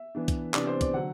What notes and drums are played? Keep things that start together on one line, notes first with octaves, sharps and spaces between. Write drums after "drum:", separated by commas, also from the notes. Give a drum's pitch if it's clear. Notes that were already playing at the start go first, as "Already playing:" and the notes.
Already playing: E5
E3 B3 D4
drum: kick, hi-hat
C3 E3 B3 D4 D5, drum: clap
C5
D5, drum: kick, hi-hat
D3 F#3 F#5